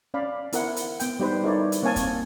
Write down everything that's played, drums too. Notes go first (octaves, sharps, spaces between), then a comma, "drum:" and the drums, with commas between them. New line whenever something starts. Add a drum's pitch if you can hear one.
C#4 D5 F5 B5
B3 E4 A#4 C5 F#5, drum: hi-hat
drum: hi-hat
B3 G5, drum: hi-hat
G3 B3 D#4 G4 B4 C5
D#4 E4 A4 A#4 C#5 D5
drum: hi-hat
A#3 C4 C#5 F5 G#5 A5
drum: kick, hi-hat